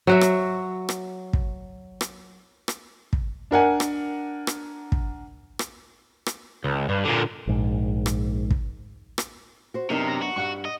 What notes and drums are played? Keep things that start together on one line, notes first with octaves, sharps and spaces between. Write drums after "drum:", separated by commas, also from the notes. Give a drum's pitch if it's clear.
F#3 F#4 E5
drum: rim click
drum: rim click
drum: kick
drum: rim click
drum: rim click
drum: kick
D4 A#4 F#5 G#5
drum: rim click
drum: rim click
drum: kick
drum: rim click
drum: rim click
C#2
G2
A#2 D3
A#1 G#2
drum: rim click
drum: kick
drum: rim click
F#4 C5
F#2 C3 B3 D4 D#4 A#4
A#5
F#4
G2 G3 F#5 C#6
D#5